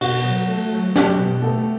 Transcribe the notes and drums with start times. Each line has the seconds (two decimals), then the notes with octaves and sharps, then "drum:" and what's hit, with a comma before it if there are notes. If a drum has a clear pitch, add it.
0.01 B2 F#4, drum: cymbal
0.25 F#3
0.48 A3
0.72 F#3
0.96 F#3 G4, drum: snare
1.19 B2
1.42 A3 A4